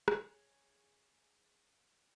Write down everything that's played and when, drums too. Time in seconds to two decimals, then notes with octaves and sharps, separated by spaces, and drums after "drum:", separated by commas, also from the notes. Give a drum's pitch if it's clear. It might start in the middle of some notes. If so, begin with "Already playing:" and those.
0.08 G#4 C#5 A#5, drum: rim click